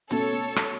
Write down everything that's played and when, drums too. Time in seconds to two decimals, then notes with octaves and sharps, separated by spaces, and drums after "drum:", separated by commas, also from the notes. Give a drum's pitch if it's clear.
0.11 B2 A3 C#4 A4 C#5, drum: hi-hat
0.56 drum: rim click